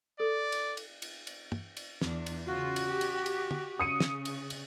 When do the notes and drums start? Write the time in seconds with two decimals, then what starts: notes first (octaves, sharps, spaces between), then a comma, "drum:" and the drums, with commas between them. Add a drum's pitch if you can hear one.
0.20 A4 D5
0.52 drum: cymbal
0.77 drum: cymbal
1.02 drum: cymbal
1.27 drum: cymbal
1.52 drum: tom
1.77 drum: cymbal
2.01 E2 D4, drum: snare
2.26 drum: cymbal
2.46 C#3 F4 F#4
2.76 drum: cymbal
2.87 G4
3.01 drum: cymbal
3.26 drum: cymbal
3.51 drum: tom
3.79 C#3 D#6 C#7 D#7
4.00 drum: snare
4.25 drum: cymbal
4.50 drum: cymbal